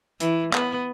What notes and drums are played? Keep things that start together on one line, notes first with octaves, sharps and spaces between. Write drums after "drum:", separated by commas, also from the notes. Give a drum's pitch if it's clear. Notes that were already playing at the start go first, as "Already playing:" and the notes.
E3, drum: hi-hat
B3, drum: clap